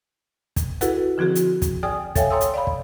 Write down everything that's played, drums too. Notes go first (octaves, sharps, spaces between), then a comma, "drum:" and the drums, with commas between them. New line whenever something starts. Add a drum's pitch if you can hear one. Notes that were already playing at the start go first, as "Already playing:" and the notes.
drum: kick, hi-hat
E4 F#4 G#4 A4 B4 F#5, drum: hi-hat
D3 F3 C4 F#4 G#4
drum: hi-hat
drum: kick, hi-hat
G#4 D5 G5 G#5 D#6 F6
A4 C#5 E5 F5 G5 G#5, drum: kick, hi-hat
C#5 A#5 C6 D#6 E6
drum: hi-hat
D5 F5 B5
drum: kick